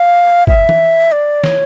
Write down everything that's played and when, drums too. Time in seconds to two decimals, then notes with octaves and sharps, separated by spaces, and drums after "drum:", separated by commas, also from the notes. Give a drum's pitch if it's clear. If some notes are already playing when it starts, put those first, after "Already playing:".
Already playing: F5
0.47 E5, drum: kick G1
0.69 drum: tom E3
1.12 D5
1.44 C#5, drum: snare